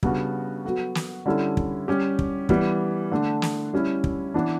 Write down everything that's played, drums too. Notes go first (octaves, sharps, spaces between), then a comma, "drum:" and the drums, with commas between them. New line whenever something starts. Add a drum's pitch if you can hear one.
C#3 G3 B3 D4 F#4, drum: kick
F#3 B3 F#4 A4
drum: snare
D3 G3 C#4 E4 A4
drum: kick
G3 C#4 G4
drum: kick
E3 G3 B3, drum: kick
D3 A3 D4
drum: snare
G3 C#4 E4
drum: kick
E3 B3 D4